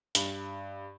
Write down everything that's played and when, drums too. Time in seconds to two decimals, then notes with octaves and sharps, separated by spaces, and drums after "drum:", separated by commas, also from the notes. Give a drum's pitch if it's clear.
0.15 G2, drum: hi-hat